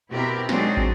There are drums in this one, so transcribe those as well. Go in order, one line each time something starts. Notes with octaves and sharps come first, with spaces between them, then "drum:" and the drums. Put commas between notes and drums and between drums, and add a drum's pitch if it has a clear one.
B2 C4 E4 G4 A#4
F#3 G#3 C4 D4 D#4 G#4, drum: snare
drum: kick